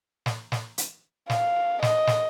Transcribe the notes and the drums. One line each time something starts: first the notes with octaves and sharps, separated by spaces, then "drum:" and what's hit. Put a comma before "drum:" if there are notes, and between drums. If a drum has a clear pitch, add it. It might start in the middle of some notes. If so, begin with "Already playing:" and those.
drum: snare
drum: snare
drum: hi-hat
F5, drum: snare
D#5, drum: snare
drum: snare